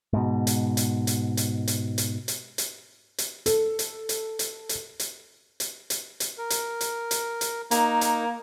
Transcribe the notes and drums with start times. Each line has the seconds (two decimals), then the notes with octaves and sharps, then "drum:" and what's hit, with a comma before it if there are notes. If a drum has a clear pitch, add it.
0.13 G#2 B2
0.47 drum: hi-hat
0.77 drum: hi-hat
1.07 drum: hi-hat
1.37 drum: hi-hat
1.68 drum: hi-hat
1.98 drum: hi-hat
2.28 drum: hi-hat
2.58 drum: hi-hat
3.18 drum: hi-hat
3.46 A4, drum: hi-hat
3.79 drum: hi-hat
4.09 drum: hi-hat
4.39 drum: hi-hat
4.69 drum: hi-hat
5.00 drum: hi-hat
5.60 drum: hi-hat
5.90 drum: hi-hat
6.20 drum: hi-hat
6.38 A#4
6.50 drum: hi-hat
6.81 drum: hi-hat
7.11 drum: hi-hat
7.41 drum: hi-hat
7.71 A#3 D#4, drum: hi-hat
8.01 drum: hi-hat